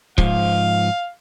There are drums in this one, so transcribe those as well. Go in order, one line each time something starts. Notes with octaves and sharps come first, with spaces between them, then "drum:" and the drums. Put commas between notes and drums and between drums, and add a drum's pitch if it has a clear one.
G#2 F3 F5, drum: kick C#1